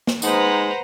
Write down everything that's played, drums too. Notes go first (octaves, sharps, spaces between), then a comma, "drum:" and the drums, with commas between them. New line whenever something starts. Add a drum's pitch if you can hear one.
drum: snare
G#3 D#4 B4 C5 F#5 A#5, drum: tambourine